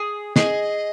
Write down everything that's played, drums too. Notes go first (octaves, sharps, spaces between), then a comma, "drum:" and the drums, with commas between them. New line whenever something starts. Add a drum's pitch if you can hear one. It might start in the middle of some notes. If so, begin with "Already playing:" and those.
Already playing: G#4
G#4 D#5, drum: snare